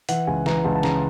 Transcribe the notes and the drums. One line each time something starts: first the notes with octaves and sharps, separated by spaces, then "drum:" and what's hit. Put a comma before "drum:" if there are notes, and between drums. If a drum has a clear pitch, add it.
E3 F#5, drum: hi-hat
C#2 G#5
E3 A#5, drum: snare
C#2 A5
A5
C#3 A#5, drum: snare